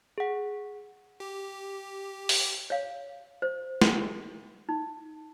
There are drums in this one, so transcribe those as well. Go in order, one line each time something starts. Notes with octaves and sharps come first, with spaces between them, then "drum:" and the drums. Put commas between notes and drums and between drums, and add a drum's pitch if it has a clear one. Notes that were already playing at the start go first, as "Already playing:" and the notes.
G#4 F#5
G4
drum: open hi-hat
C#5 F5
C5
drum: snare
D#4